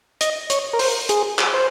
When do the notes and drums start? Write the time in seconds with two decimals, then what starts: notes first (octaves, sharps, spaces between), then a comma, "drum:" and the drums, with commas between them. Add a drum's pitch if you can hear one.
0.21 D#5, drum: hi-hat
0.50 C#5, drum: hi-hat
0.73 A#4
0.79 C5, drum: open hi-hat
1.09 G#4, drum: hi-hat
1.39 drum: clap
1.54 C5